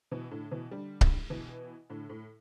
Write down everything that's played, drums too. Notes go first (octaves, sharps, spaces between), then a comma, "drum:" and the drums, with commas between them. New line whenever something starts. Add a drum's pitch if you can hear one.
B2 E3
A2 D3
B2 E3
D3 G3
drum: kick C#1
B2 E3
A2 D3
A2